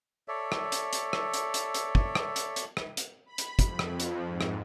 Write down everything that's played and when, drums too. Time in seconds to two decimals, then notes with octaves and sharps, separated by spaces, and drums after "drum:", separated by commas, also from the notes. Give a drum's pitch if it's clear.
0.28 A4 C#5 D5 E5
0.52 drum: rim click
0.72 drum: hi-hat
0.93 drum: hi-hat
1.13 drum: rim click
1.34 drum: hi-hat
1.54 drum: hi-hat
1.74 drum: hi-hat
1.95 drum: kick
2.15 drum: rim click
2.36 drum: hi-hat
2.56 drum: hi-hat
2.77 drum: rim click
2.97 drum: hi-hat
3.26 B5
3.38 drum: hi-hat
3.59 F2, drum: kick, hi-hat
3.79 drum: rim click
4.00 drum: hi-hat
4.26 G#2
4.41 drum: rim click